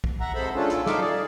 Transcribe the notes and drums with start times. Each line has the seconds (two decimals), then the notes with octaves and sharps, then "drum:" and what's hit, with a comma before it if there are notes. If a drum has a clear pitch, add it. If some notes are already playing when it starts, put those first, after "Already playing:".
0.04 drum: kick
0.20 E5 F#5 A#5
0.35 C3 G#3 A4 C5 E5 B5
0.55 F3 G#3 C#4 D4 F4 A4
0.70 A#2 D#3 E4 F4 A4, drum: hi-hat
0.86 C#3 D#4 A4 E5 F5 D6, drum: snare
1.01 G#4 D5